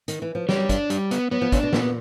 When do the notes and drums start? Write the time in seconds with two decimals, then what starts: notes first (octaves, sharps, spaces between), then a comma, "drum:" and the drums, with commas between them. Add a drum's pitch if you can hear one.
0.08 D#3, drum: hi-hat
0.22 E3
0.35 F3
0.49 F#3 G3, drum: snare
0.69 D4, drum: kick, hi-hat
0.90 G3, drum: hi-hat
1.11 B3, drum: hi-hat
1.31 F#3 B3
1.42 F3
1.52 C#3 D4, drum: kick, hi-hat
1.63 B2
1.73 A#2 B3, drum: snare